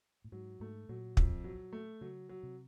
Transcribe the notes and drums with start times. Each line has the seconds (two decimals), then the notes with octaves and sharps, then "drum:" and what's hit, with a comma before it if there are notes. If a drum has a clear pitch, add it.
0.24 A2
0.32 G#2 F#3
0.60 G#2 A3
0.89 A#2 F#3
1.17 F2, drum: kick
1.44 F#3
1.73 A3
2.01 C#3 F#3
2.29 F#3
2.43 C3